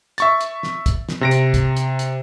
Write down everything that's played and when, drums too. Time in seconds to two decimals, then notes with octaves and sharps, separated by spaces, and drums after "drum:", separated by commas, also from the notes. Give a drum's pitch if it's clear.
0.18 E5 C#6 A6, drum: hi-hat
0.41 drum: hi-hat
0.63 drum: snare
0.86 drum: kick, hi-hat
1.09 drum: snare
1.21 C3 A#6 D7
1.31 drum: hi-hat
1.54 drum: kick, hi-hat
1.77 drum: hi-hat
1.99 drum: hi-hat